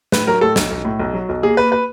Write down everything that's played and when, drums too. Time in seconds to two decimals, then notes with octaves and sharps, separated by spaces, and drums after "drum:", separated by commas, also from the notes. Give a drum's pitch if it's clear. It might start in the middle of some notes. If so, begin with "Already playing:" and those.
0.12 A2 B4, drum: snare
0.27 F#3 A#4
0.41 A2 A4
0.56 B1, drum: snare
0.71 B1
0.85 A2
0.99 B1
1.14 F#3
1.29 B1
1.43 A#3 G#4
1.57 A#3 B4
1.72 B4